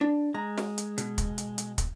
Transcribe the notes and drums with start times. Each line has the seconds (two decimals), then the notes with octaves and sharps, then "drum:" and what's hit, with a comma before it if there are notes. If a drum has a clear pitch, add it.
0.01 D4
0.34 G#3 A#5
0.58 drum: snare
0.78 drum: hi-hat
0.98 B2, drum: hi-hat
1.18 drum: kick, hi-hat
1.38 drum: hi-hat
1.58 drum: hi-hat
1.78 drum: kick, hi-hat